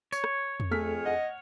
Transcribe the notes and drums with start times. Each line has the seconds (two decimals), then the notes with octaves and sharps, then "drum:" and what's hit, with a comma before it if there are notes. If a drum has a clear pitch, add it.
0.12 C#5, drum: tambourine
0.24 drum: rim click
0.60 drum: tom E2
0.71 F2 A3 G#4 F6 B6
1.05 D#5 F#5